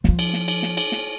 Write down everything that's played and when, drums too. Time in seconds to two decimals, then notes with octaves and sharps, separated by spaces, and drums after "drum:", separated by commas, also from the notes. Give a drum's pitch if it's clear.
0.04 F3 F4, drum: snare
0.19 drum: cymbal
0.33 drum: snare
0.48 drum: cymbal
0.63 drum: snare
0.77 drum: cymbal
0.92 drum: snare